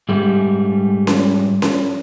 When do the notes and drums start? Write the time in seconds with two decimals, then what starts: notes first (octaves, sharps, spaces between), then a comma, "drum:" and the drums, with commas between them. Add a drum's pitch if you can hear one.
0.09 G#2 G3 A3
1.07 drum: snare C#4
1.62 drum: snare C#4